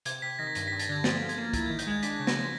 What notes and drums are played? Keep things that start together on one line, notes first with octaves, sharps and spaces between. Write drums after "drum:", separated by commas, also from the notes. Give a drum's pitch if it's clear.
C3 G#6, drum: hi-hat
C3 B6
D#3 A#6
B6
G2 A#6, drum: hi-hat
B6
G2
A6, drum: hi-hat
D3 G#6
F3 A6, drum: snare
F3
G#6, drum: hi-hat
A#3
E4 A6, drum: kick, hi-hat
G#6
D#3
G6, drum: hi-hat
G#3 G#6
D4 B6, drum: hi-hat
C#3
A#6, drum: snare
F3